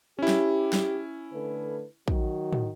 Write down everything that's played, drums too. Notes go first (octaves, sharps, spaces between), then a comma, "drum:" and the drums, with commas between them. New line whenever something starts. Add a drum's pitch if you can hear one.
C#4 E4 G4
drum: snare
drum: snare
D3 A3 B4
D#3 F#3 F#4, drum: kick
drum: tom